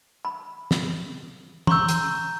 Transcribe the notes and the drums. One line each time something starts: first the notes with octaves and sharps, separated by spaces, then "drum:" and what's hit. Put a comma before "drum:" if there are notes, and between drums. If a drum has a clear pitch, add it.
B5
drum: snare
A#5 C6 C#6 E6 G6, drum: tom E3
drum: hi-hat